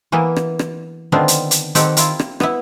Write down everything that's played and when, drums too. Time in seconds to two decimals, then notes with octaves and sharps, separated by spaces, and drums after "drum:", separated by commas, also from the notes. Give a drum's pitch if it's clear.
0.12 E3 A#3 B3 E4
0.36 drum: rim click
0.59 drum: rim click
1.12 D3 D#3 B3 C4 D4 F4
1.28 drum: hi-hat
1.51 drum: hi-hat
1.75 D#3 C4 G4 A4 F#5, drum: hi-hat
1.97 E4 F4 A#4, drum: hi-hat
2.19 drum: rim click
2.40 B3 E4, drum: rim click